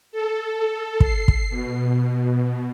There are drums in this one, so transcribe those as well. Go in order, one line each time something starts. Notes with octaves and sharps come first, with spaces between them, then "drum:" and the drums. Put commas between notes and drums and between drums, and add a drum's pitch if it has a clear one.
A4
C7, drum: kick
drum: kick
B2